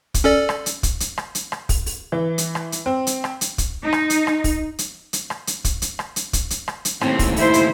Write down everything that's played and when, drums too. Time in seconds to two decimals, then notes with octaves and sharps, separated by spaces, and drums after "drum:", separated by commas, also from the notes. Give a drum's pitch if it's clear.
0.14 drum: kick, hi-hat
0.24 C#4 A4 D5
0.49 drum: rim click
0.66 drum: hi-hat
0.83 drum: kick, hi-hat
1.00 drum: hi-hat
1.18 drum: rim click
1.35 drum: hi-hat
1.52 drum: rim click
1.69 drum: kick, open hi-hat
1.86 drum: open hi-hat
2.12 E3
2.38 drum: hi-hat
2.55 drum: rim click
2.72 drum: hi-hat
2.86 C4
3.07 drum: hi-hat
3.24 drum: rim click
3.41 drum: hi-hat
3.58 drum: kick, hi-hat
3.84 D#4
3.93 drum: rim click
4.10 drum: hi-hat
4.27 drum: rim click
4.44 drum: kick, open hi-hat
4.79 drum: hi-hat
5.13 drum: hi-hat
5.30 drum: rim click
5.47 drum: hi-hat
5.64 drum: kick, hi-hat
5.82 drum: hi-hat
5.99 drum: rim click
6.16 drum: hi-hat
6.33 drum: kick, hi-hat
6.50 drum: hi-hat
6.68 drum: rim click
6.85 drum: hi-hat
7.01 D#2 A2 C4, drum: rim click
7.19 drum: kick, open hi-hat
7.36 E4 C5, drum: open hi-hat
7.54 drum: hi-hat